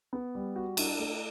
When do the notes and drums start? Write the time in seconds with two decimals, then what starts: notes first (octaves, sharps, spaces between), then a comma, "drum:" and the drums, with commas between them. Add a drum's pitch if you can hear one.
0.13 B3
0.35 G3
0.56 F#4
0.77 D4, drum: cymbal
0.99 A3